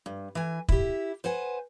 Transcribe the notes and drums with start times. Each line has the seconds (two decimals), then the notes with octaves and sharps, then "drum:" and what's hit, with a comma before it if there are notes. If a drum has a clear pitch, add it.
0.06 G2
0.35 E3 G#5
0.69 E4 G4, drum: kick
1.24 B4 C5 F#5 G#5